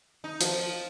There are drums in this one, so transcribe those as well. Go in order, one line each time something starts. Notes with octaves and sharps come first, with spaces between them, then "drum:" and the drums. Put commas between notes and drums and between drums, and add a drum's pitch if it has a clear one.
D#4
F3, drum: hi-hat